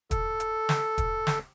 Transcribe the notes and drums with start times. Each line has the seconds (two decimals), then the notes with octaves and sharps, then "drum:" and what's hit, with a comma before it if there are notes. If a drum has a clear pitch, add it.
0.11 A4, drum: kick, hi-hat
0.40 drum: hi-hat
0.69 drum: snare
0.98 drum: kick, hi-hat
1.27 drum: snare